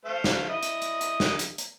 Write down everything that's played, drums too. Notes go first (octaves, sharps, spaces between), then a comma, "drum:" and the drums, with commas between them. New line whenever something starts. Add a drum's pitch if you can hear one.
A3 C5 F5
drum: snare
E4 D#5 D#6
drum: hi-hat
drum: hi-hat
drum: hi-hat
drum: snare
drum: hi-hat
drum: hi-hat